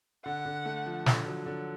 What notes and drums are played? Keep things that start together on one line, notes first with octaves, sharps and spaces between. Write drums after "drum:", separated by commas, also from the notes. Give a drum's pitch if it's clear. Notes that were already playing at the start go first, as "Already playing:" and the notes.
D3 F#5
D3
A3
F3
D3, drum: snare
F#3
D3